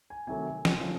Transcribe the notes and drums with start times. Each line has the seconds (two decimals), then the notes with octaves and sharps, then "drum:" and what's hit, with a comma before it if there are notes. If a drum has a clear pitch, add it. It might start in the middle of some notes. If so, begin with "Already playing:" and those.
0.10 G#5
0.27 C3 D#3 F#3 A3 G#5
0.65 drum: snare
0.80 C#3 F3 A3 C#4